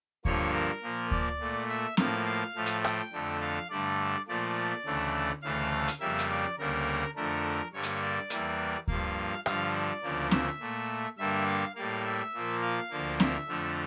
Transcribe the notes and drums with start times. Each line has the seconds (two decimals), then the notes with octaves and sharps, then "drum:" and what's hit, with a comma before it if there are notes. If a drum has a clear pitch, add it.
0.25 G2 D3 F3 A#3 C#5, drum: kick D2
0.54 A#4
0.82 A#2 F3 A#3
1.11 D5, drum: kick D2
1.40 A#2 A3
1.69 E5
1.97 A2 F3 A#3 F5, drum: snare C4
2.26 F5
2.55 A2 F3 A3
2.66 drum: hi-hat
2.84 G5, drum: rim click
3.13 F2 D3 A3
3.42 F5
3.70 G2 D3 A3 D5
4.28 A#2 F3 A3 D5
4.85 D2 C#3 E3 A3
5.42 D2 C#3 E3 A3 F5
5.88 drum: hi-hat
6.00 F2 C#3 G3 A#3 E5
6.19 drum: hi-hat
6.29 D5
6.58 D2 C#3 G3 A#3 A#4
7.15 F2 D3 A3 A#4
7.73 G2 D3 G3 A#3 C#5
7.83 drum: hi-hat
8.02 D5
8.30 E2 E3 G3 A#3, drum: hi-hat
8.88 G2 F3 A#3 F5, drum: kick D2
9.46 G2 D3 F3 F5, drum: rim click
9.75 D5
10.03 D2 C#3 F3 A#3
10.31 E5, drum: snare C4
10.60 A#2 A3
11.18 G2 D3 G3 A#3 E5
11.47 F5
11.75 A2 G3 A#3 F5
12.04 E5
12.34 A#2 F3 A#3
12.62 F5
12.91 D2 D3 F3 A#3
13.20 E5, drum: snare C4
13.48 F2 D3 F3 A3